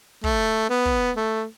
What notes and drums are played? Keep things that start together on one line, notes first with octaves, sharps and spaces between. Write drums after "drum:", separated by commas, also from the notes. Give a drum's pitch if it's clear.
A3, drum: kick
B3
drum: kick
A3